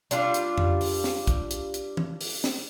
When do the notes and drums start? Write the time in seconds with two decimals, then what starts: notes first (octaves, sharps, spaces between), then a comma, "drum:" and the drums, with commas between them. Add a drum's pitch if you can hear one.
0.11 G3 D4 F4, drum: hi-hat
0.34 drum: hi-hat
0.58 drum: tom F2
0.81 drum: open hi-hat
1.04 drum: snare
1.27 drum: kick, hi-hat
1.51 drum: hi-hat
1.74 drum: hi-hat
1.97 drum: tom
2.21 drum: open hi-hat
2.44 drum: snare